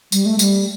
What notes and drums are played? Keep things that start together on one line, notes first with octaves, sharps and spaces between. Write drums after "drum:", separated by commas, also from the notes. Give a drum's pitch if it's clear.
G3, drum: tambourine
A3
G3, drum: tambourine